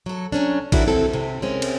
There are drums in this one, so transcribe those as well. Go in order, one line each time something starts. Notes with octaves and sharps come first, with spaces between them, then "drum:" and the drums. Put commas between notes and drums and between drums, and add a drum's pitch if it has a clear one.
F#3 A4
F#3 C#4 D4
G2 D#3 D4 E4 F#4 A4, drum: kick, cymbal
C4 E4 A4
C3
G#3 A#3 C4 C#4
drum: cymbal